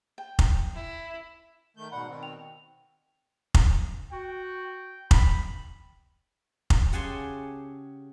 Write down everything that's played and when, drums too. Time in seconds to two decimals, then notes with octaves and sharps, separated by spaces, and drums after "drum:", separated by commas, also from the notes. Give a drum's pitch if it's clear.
0.18 G5
0.39 drum: kick
0.73 E4
1.77 D#3 A3 G6
1.92 G#2 B2 D5 F#5 B5
2.08 B2 D#3 C4
2.22 G5 F7
3.54 drum: kick
4.12 F#4 G5
5.11 B5, drum: kick
6.70 drum: kick
6.92 C#3 G4 F#5 G#5 A5 C6